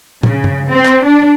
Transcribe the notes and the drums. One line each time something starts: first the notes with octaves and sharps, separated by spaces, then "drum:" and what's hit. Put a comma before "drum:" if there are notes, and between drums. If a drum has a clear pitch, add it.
C#3, drum: tom
drum: tom G2
C4
drum: clap
D4